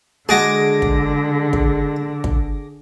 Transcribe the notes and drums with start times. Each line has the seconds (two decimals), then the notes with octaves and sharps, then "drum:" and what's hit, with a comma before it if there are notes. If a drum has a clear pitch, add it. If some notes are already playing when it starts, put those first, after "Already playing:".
0.29 D3 G#3 F#4 G#4 A5 D6 A#6
0.82 drum: kick
1.53 drum: kick
2.24 drum: kick